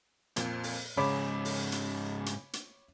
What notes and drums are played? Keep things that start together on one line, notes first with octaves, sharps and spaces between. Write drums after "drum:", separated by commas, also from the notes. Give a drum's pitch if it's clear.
F2 A#2, drum: hi-hat
drum: open hi-hat
G#2 C#3 C#4 C#5 B5 D6
drum: open hi-hat
drum: hi-hat
drum: hi-hat
drum: hi-hat